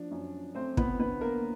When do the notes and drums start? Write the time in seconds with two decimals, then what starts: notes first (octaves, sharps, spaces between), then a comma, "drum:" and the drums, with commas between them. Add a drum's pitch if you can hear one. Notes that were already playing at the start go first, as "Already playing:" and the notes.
Already playing: F3 D4
0.11 F#2
0.55 A3 C4 C5
0.77 B3 B4, drum: kick
0.99 D3 B3 B4
1.21 A#3 A#4